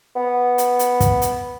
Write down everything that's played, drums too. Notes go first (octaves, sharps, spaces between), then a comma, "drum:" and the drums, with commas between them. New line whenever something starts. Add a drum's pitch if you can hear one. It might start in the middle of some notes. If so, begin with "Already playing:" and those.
B3
drum: hi-hat
drum: hi-hat
drum: kick, hi-hat
drum: hi-hat